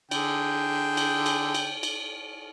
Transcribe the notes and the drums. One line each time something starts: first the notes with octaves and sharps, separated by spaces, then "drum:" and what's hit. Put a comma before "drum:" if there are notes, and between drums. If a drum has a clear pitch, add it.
D3 G#4 G5, drum: cymbal
drum: cymbal
drum: cymbal
drum: cymbal
drum: cymbal